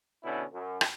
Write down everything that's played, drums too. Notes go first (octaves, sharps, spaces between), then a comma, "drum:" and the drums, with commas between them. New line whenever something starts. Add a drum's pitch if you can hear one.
B2 D3 B3 C#4 E4
F#2
drum: rim click